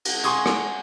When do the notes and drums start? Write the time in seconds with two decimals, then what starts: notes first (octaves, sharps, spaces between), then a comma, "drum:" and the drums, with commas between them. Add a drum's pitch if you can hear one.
0.05 drum: cymbal
0.24 G#5 C6 C#6 D#6 G#6, drum: hi-hat
0.46 drum: rim click